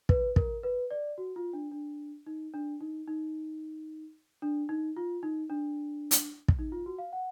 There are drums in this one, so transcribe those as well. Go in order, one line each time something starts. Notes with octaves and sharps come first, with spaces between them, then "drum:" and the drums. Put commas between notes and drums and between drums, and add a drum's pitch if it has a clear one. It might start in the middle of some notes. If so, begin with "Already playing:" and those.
B4, drum: kick
A#4, drum: kick
B4
D5
F#4
F4
D4
D4
D#4
D4
D#4
D#4
D4
D#4
F4
D#4
D4
drum: hi-hat
drum: kick
D#4
F4
F#4
F5
F#5